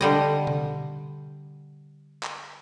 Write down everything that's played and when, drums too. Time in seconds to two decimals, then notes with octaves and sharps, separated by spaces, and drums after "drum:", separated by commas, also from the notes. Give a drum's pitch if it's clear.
0.01 D3 G3 D#5
0.47 drum: tom B2
2.23 drum: clap